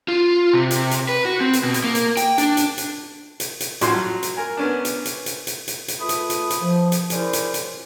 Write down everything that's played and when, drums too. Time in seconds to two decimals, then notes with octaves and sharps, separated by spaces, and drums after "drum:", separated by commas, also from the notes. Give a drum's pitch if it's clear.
0.08 F4
0.53 C3
0.71 drum: hi-hat
0.91 drum: hi-hat
1.09 B4
1.25 F#4
1.41 C4
1.53 drum: hi-hat
1.63 B2
1.74 drum: hi-hat
1.84 A#3
1.95 drum: hi-hat
2.17 G5, drum: hi-hat
2.38 D4, drum: hi-hat
2.57 drum: hi-hat
2.78 drum: hi-hat
3.40 drum: hi-hat
3.60 drum: hi-hat
3.81 A1 A2 F3 C#4 F#4 C6, drum: hi-hat
3.94 F#3
4.23 drum: hi-hat
4.37 A#4 G#5
4.57 B3 C#4 D4
4.85 drum: hi-hat
5.05 drum: hi-hat
5.26 drum: hi-hat
5.47 drum: hi-hat
5.68 drum: hi-hat
5.88 drum: hi-hat
6.00 A3 F4 B4 B5 D#6
6.09 drum: hi-hat
6.30 drum: hi-hat
6.50 drum: hi-hat
6.61 F3
6.92 drum: hi-hat
7.10 C#4 E4 G#4 A#4 C5 D5, drum: hi-hat
7.33 drum: hi-hat
7.54 drum: hi-hat